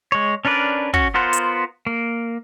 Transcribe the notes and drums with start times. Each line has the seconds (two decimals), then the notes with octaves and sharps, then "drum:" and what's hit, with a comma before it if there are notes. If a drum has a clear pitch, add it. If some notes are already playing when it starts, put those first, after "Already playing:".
0.12 G#3 C#5
0.45 C#4 D4 A#4 B4 D5
0.94 C#4 F#4, drum: kick
1.14 B3 F4 A#4 C5 F#5
1.33 drum: hi-hat
1.87 A#3